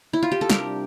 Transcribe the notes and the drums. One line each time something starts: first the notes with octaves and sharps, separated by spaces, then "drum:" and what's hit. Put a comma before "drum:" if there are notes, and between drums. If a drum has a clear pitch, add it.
E4
F4
G4
A4
C3 G3 D4 G4 A#4, drum: snare